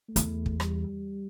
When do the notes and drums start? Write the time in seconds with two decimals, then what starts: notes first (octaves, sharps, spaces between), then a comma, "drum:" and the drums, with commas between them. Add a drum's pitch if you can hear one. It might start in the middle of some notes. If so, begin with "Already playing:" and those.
0.09 A3
0.16 E2, drum: hi-hat
0.46 drum: kick
0.60 G3, drum: rim click